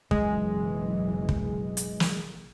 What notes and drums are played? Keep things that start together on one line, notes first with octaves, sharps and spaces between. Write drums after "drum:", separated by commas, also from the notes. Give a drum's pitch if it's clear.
F#1 B1 E3 G#3, drum: kick
drum: kick
drum: hi-hat
drum: snare